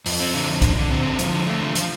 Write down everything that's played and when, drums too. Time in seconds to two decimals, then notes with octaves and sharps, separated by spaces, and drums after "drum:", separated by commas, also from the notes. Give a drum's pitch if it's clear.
0.06 F2, drum: open hi-hat
0.20 C4
0.34 D3
0.48 F2
0.62 D3, drum: kick, hi-hat
0.77 D3
0.91 C4
1.05 D3
1.19 F3, drum: hi-hat
1.33 D3
1.47 A3
1.61 F3
1.75 F3, drum: hi-hat